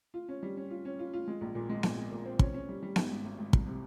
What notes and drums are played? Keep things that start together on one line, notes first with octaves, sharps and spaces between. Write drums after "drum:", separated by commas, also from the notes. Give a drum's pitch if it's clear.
F4
C#4
G3
C#4
F4
C#4
F4
F4
G#3
A#1
A#2
G#3
A#1, drum: snare B3
G#3
A#2
C4
C#4, drum: kick
C#4
G3
G3
G#2, drum: snare B3
G#1
G#1
G#1
C2, drum: kick
C3